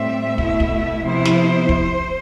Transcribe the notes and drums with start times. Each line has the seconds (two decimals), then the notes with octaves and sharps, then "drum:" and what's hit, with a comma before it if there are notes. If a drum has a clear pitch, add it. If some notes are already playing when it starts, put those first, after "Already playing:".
Already playing: A2 G3 C4 E5
0.38 B2 A3 E4, drum: kick
0.60 drum: kick
1.03 C3 F3 B3 E4 C5
1.25 drum: snare
1.69 drum: kick